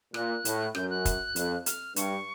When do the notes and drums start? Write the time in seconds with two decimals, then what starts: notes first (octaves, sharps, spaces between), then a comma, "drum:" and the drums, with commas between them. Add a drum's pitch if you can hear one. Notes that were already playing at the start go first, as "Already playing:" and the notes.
0.14 A#2 F#6, drum: rim click
0.45 A2, drum: hi-hat
0.75 F#2 G6, drum: rim click
0.90 F#6
1.05 drum: kick, hi-hat
1.36 F2, drum: hi-hat
1.66 F6, drum: hi-hat
1.96 G2 C#6, drum: hi-hat